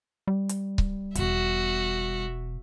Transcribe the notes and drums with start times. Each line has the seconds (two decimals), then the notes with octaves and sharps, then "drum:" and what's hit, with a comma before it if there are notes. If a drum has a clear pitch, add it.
0.28 G3
0.49 drum: hi-hat
0.78 drum: kick C#1
1.15 E1 B2 F#4 E5, drum: hi-hat